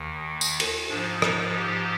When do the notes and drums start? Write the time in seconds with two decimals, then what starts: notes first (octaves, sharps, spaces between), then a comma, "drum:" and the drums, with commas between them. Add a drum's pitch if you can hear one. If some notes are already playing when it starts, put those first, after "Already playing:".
Already playing: D#2 D#3
0.41 drum: tambourine
0.60 drum: cymbal
0.88 G#2 F3 D4
1.22 D#4, drum: rim click
1.55 G4